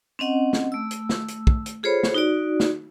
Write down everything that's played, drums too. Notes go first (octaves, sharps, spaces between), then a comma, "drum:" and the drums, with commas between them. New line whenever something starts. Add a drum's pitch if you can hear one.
C4 C#4 D#5 F#5
drum: snare
A3 E6
drum: hi-hat
drum: snare
drum: hi-hat
drum: kick
drum: hi-hat
F4 G#4 A4 C5 C#5 B5
drum: snare
D#4 F#4 D5
drum: snare